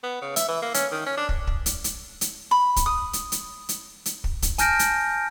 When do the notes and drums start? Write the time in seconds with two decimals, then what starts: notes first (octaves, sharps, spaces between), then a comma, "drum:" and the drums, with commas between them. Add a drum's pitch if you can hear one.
0.03 B3
0.22 C#3
0.36 E5, drum: hi-hat
0.49 E3
0.62 A#3
0.74 C#4, drum: hi-hat
0.92 D#3
1.06 C#4
1.18 D4
1.29 drum: kick
1.47 drum: kick
1.66 drum: hi-hat
1.84 drum: hi-hat
2.21 drum: hi-hat
2.51 B5
2.76 drum: kick, hi-hat
2.86 D#6
3.13 drum: hi-hat
3.32 drum: hi-hat
3.69 drum: hi-hat
4.06 drum: hi-hat
4.24 drum: kick
4.42 drum: kick, hi-hat
4.58 G#5 A5 F6 G6 A#6 D7, drum: hi-hat
4.79 drum: hi-hat